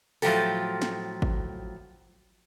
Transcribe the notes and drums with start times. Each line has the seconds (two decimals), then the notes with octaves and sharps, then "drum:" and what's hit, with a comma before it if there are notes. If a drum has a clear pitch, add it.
0.22 A2 F3 F#3 F4 G4 A4, drum: open hi-hat
0.81 drum: snare
1.22 drum: kick G#1